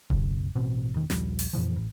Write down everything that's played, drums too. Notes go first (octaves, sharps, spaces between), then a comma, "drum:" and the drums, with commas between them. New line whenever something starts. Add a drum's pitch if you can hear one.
B1 F#2 C#3, drum: kick D#1
A1 B2 C4
E1 D#3
A#1 D#2 F3 G3, drum: snare
drum: open hi-hat
F2 A#2 E3 F3
A1